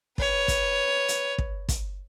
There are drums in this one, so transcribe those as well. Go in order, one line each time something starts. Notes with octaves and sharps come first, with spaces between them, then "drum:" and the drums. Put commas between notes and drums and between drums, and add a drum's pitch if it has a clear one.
B4 C#5, drum: kick
drum: kick, hi-hat
drum: hi-hat
drum: kick
drum: kick, hi-hat